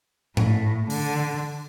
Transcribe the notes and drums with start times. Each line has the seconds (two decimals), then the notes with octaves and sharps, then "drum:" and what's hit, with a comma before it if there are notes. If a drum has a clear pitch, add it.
0.37 A2, drum: tom G#2
0.90 D3, drum: open hi-hat